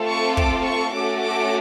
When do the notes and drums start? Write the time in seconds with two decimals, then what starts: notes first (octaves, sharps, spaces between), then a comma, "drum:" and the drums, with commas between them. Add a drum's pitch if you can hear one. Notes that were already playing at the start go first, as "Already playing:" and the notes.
Already playing: A3 C4 F4 A4
0.08 C#6
0.37 D6, drum: kick
0.66 C#6
0.95 A3 C#4 F#4 A4 D6
1.24 D6